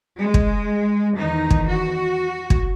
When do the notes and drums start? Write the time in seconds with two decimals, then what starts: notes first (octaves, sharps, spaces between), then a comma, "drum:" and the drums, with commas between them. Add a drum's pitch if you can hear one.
0.18 G#3
0.34 drum: kick
1.17 E2 D#3 D#4
1.50 drum: kick
1.67 F#4
2.50 drum: kick